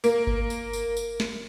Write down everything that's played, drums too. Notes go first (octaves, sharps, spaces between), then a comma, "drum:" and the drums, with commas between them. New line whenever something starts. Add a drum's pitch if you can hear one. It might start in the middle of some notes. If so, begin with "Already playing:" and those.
A#3, drum: tambourine
drum: kick G1
drum: tambourine
drum: tambourine
drum: tambourine
drum: snare